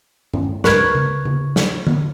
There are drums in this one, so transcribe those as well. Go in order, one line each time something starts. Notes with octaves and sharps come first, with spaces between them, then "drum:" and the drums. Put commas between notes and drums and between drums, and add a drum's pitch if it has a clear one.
drum: tom
C#2 G#2 A#4 B4 C#6 G#6, drum: snare
drum: tom C#3
drum: tom C#3
drum: snare
drum: tom D3